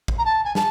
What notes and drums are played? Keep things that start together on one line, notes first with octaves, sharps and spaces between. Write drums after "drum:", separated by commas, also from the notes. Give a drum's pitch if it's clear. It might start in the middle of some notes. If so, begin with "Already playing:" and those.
drum: kick A1
A#5
A5
G#5
A5, drum: snare